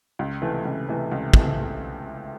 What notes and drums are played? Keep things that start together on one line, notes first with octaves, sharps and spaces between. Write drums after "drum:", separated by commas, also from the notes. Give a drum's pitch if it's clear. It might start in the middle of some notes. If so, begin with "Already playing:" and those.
C#2
C3 E3 A3
C#2
C3 E3 A3
C#2
C3 E3 A3, drum: kick